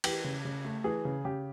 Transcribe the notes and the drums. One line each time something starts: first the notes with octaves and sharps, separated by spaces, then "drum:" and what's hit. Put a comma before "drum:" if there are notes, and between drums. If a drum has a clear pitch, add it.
E3 G4, drum: cymbal
C#3
C#3
A3
E3 G#4
C#3
C#3 G4